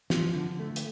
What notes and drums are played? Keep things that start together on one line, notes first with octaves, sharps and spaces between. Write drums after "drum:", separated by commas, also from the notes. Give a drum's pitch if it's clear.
F3, drum: snare
D3
A3
drum: hi-hat